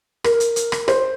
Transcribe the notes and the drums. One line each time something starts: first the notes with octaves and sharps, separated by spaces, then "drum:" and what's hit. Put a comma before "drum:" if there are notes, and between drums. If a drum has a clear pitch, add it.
A#4, drum: rim click
drum: hi-hat
drum: hi-hat
drum: rim click
C5, drum: rim click